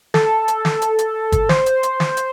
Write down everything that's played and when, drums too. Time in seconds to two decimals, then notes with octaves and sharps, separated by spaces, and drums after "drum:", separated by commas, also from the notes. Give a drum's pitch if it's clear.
0.14 A4, drum: snare
0.48 drum: hi-hat
0.65 drum: snare
0.82 drum: hi-hat
0.99 drum: hi-hat
1.32 drum: kick G1, hi-hat
1.49 C5, drum: snare
1.66 drum: hi-hat
1.83 drum: hi-hat
2.00 drum: snare
2.17 drum: hi-hat